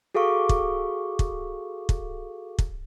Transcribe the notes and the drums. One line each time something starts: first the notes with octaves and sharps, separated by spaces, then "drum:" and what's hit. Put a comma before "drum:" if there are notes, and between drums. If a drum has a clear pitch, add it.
F#4 G#4 A4 F5 C#6 D6
drum: kick
drum: kick
drum: kick
drum: kick